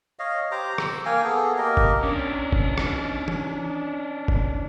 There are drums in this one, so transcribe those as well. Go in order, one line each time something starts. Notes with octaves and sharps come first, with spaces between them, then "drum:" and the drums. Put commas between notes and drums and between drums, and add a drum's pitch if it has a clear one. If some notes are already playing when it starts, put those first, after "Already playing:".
C#5 D#5 F5
G4 C5 A#5 D6
A#5 E6, drum: rim click
A#3 F5 G5 G#5
B3 G#4 A4
A#3 G4 A#4 D#5
drum: kick F#1
C#4 D4
drum: kick F#1
drum: rim click
drum: tom
drum: kick F#1